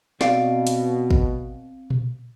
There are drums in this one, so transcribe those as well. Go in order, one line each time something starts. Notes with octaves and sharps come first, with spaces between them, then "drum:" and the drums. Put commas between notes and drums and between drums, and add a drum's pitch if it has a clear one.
B2 C4 D5 F5, drum: snare
drum: hi-hat
drum: kick
drum: tom A#2